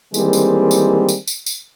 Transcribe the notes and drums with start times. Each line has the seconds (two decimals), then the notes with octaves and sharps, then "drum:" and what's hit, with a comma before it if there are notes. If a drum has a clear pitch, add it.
0.14 D#3 E3 G3 G#3 A#3 C4, drum: tambourine
0.33 drum: tambourine
0.71 drum: tambourine
1.09 drum: tambourine
1.27 drum: tambourine
1.46 drum: tambourine